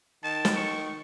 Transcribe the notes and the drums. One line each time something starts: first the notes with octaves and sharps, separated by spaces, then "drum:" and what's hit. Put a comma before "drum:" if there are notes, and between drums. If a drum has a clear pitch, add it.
D#3 A5
drum: snare
C#6